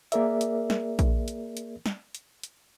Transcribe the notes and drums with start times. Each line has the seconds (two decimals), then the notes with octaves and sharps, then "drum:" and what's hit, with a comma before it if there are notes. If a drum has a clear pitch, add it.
0.12 A#3 G#4 A#4 D5 E5, drum: hi-hat
0.41 drum: hi-hat
0.70 drum: snare
0.99 drum: kick A#1, hi-hat
1.28 drum: hi-hat
1.57 drum: hi-hat
1.86 drum: snare
2.15 drum: hi-hat
2.43 drum: hi-hat